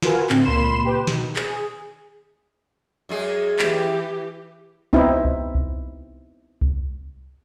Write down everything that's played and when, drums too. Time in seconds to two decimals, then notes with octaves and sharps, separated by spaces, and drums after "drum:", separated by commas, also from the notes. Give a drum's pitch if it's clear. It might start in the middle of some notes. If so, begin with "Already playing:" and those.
0.02 F4 F#4 A#4 B4 G#5, drum: snare
0.29 A2 D3 C4, drum: clap
0.45 C#2 A#2 A#3 B5 C6 E7
0.85 G4 B4
1.07 B2 D#3, drum: snare
1.36 G#4, drum: clap
3.09 F#2 G#3 G#4
3.59 E3 G4, drum: clap
4.93 B3 C4 D#4 E4, drum: kick C2
5.25 drum: kick C2
5.55 drum: kick C2
6.61 drum: kick C2